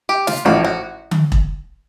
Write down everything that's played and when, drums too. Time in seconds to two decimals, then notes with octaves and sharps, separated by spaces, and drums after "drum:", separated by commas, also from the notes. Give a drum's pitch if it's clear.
0.09 G4
0.27 F4, drum: snare
0.45 A1 A2 F3 F#4
0.64 F#4
1.11 drum: tom D3
1.32 drum: kick E1